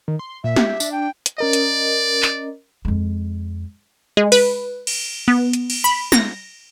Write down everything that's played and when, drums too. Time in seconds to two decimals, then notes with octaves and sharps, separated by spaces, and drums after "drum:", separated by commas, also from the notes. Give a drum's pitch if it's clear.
0.08 D#3
0.19 C6
0.44 A#2 E5
0.56 G4, drum: snare
0.80 D4, drum: tambourine
0.92 G5
1.26 drum: hi-hat
1.38 C#4 A#4 D5 D#5
1.53 drum: hi-hat
2.23 drum: clap
2.85 F2 G#3
4.17 G#3
4.32 B4, drum: open hi-hat
4.87 drum: cymbal
5.28 B3
5.53 drum: hi-hat
5.70 drum: cymbal
5.84 B5
6.12 A#6, drum: snare